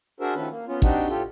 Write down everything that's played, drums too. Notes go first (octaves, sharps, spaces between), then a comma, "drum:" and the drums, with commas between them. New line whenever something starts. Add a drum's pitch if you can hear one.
D4 F#4 G#4 A#4 C5 E5
D#3 F3 A3 C#4 A4 B4
A#3
B3 C#4 F4
C4 D4 D#4 F#4 G4, drum: kick G#1
A2 F4 G4 A4